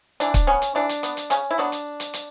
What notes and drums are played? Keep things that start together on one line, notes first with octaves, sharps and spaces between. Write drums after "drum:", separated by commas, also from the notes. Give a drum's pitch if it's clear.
E3 D4, drum: hi-hat
drum: kick, hi-hat
B3 C#4
drum: hi-hat
E3 D4
drum: hi-hat
B3, drum: hi-hat
drum: hi-hat
C#3 C#4, drum: hi-hat
E4
F#3 B3 D4
drum: hi-hat
drum: hi-hat
drum: hi-hat